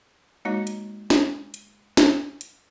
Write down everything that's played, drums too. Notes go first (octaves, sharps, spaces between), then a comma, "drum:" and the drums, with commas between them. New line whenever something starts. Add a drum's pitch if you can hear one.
G#3 A#3 D#4 F#4 C#5
drum: hi-hat
drum: snare
drum: hi-hat
drum: snare
drum: hi-hat